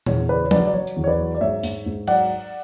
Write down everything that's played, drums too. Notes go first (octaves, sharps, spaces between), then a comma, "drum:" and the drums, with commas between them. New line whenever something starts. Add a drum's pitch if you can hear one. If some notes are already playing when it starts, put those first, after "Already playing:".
E2 C#5, drum: tom A#2
C#3 B4 D5
C#5
F#3 B4 D5, drum: tom
D5
F#3 C#5
drum: tambourine
E2
C#5
B4 D5
F#3
D5
G#2 C#5 E5
G#2, drum: open hi-hat
G#2
F#3 D5 F#5, drum: cymbal